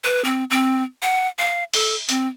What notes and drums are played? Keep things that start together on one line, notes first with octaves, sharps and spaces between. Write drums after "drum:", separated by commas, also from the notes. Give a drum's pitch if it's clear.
B4
C4
C4
F#5
F5
A4, drum: open hi-hat
C4, drum: hi-hat